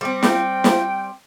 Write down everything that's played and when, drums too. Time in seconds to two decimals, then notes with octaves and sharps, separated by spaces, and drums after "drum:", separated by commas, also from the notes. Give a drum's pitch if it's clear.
0.01 G3 C4
0.23 G5, drum: snare
0.64 drum: snare